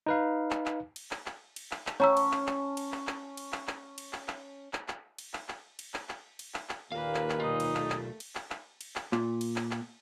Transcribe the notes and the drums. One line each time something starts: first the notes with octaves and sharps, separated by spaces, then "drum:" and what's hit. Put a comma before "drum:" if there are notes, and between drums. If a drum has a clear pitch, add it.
D#4 B4 F5
drum: clap
drum: clap
drum: cymbal
drum: clap
drum: clap
drum: cymbal
drum: clap
drum: clap
C#4 C#5 A5 A#5 E6
drum: cymbal
drum: clap
drum: clap
drum: cymbal
drum: clap
drum: clap
drum: cymbal
drum: clap
drum: clap
drum: cymbal
drum: clap
drum: clap
drum: clap
drum: clap
drum: cymbal
drum: clap
drum: clap
drum: cymbal
drum: clap
drum: clap
drum: cymbal
drum: clap
drum: clap
D#2 A#2 A#3 B4 F5
drum: clap
drum: clap
B1 D#4 F4
drum: cymbal
A3, drum: clap
drum: clap
drum: cymbal
drum: clap
drum: clap
drum: cymbal
drum: clap
A#2, drum: clap
drum: cymbal
drum: clap
drum: clap